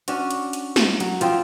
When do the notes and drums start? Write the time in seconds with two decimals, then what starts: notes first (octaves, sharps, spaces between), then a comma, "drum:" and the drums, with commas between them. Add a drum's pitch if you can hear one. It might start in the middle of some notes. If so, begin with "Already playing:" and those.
0.08 C#4 D4 F#4, drum: hi-hat
0.31 drum: hi-hat
0.53 drum: hi-hat
0.76 drum: snare
1.00 F#3, drum: hi-hat
1.21 F3 C4, drum: hi-hat